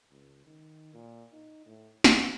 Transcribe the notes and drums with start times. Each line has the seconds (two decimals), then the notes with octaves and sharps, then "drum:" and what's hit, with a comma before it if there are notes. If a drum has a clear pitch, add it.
0.11 C#2
0.46 D#3
0.94 A#2
1.33 D#4
1.66 A2
2.04 F3, drum: snare